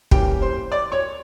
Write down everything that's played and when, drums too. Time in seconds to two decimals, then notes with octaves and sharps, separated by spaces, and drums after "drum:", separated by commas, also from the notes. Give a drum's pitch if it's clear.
0.11 E3 G3 A#3 C#4 G4 G5, drum: kick
0.42 C5 C6
0.72 D5 D6
0.92 C#5 C#6